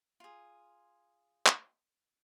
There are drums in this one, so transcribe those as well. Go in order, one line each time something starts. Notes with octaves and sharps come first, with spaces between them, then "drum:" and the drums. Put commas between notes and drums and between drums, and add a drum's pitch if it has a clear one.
F4 G#4
drum: clap